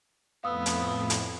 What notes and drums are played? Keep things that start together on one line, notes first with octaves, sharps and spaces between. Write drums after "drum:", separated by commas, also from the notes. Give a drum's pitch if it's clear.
F2 A2 B3 F5 D#6 E6
drum: hi-hat
drum: hi-hat